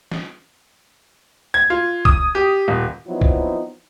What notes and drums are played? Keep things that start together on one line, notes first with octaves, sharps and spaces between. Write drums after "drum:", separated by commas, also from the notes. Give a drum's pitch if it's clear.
drum: snare
G#6
F4
D#6, drum: kick
G4
D#1
F3 F#3 B3 C4 D#4 E4
drum: kick